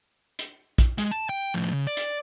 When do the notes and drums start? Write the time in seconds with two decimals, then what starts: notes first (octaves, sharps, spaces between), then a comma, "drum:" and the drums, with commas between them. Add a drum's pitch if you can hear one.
0.39 drum: hi-hat
0.78 drum: kick, hi-hat
0.98 G#3, drum: hi-hat
1.11 A5
1.29 G5
1.54 A2 F3
1.73 C#3
1.87 D5
1.97 drum: hi-hat